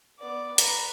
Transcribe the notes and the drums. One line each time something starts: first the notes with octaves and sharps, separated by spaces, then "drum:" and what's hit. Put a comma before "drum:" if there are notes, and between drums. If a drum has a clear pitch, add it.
B3 D5
B4 A#5, drum: hi-hat